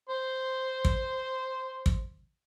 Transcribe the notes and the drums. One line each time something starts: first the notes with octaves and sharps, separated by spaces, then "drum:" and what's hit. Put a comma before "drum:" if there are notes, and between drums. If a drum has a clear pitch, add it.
C5 C6
drum: kick
drum: kick